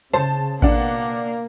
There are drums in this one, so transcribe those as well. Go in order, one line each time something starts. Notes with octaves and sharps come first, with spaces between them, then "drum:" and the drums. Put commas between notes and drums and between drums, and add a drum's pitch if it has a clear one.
C#3 C5 A5
B2 A#3 D4 F#5, drum: kick A1